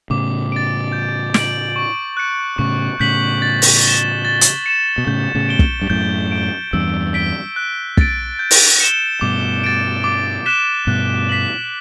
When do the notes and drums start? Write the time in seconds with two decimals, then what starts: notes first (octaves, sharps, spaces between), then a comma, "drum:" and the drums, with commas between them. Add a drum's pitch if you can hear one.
0.10 A2 C#3 D6
0.52 A6 D7
0.92 G6
1.34 D7 F#7, drum: snare
1.76 C#6
2.17 F#6 C#7
2.58 A2 C#3 C#6
3.00 A2 C#3 G6 B6 F#7
3.42 A6
3.62 drum: open hi-hat
3.82 G7
3.88 E7
4.25 A6
4.41 drum: hi-hat
4.66 C#7 E7
4.98 B2
5.07 A2 C#3 G6
5.35 A2 C#3
5.49 D7 G7
5.59 drum: kick
5.82 G2
5.90 F#2 A2 G6
6.31 D7 G7
6.73 E2 G2 E6
7.14 B6 D7 G7
7.56 F#6
7.97 A6 D7, drum: kick
8.39 G6
8.51 drum: open hi-hat
8.80 C#7 E7 G7
9.21 G2 B2 D6
9.64 A6 D7
10.04 D6
10.46 F#6 B6 E7 G7
10.87 G2 B2 F#6
11.29 B6 F#7